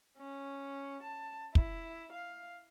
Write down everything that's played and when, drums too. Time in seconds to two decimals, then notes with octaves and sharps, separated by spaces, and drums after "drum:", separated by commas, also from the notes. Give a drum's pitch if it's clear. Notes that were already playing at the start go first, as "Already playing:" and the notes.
0.18 C#4
1.03 A5
1.55 E4, drum: kick
2.12 F5